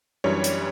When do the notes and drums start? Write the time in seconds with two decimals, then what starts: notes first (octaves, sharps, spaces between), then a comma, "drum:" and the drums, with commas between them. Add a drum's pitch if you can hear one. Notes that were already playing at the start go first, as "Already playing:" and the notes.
0.24 F#2 E3 G3 D4 C#5
0.44 drum: hi-hat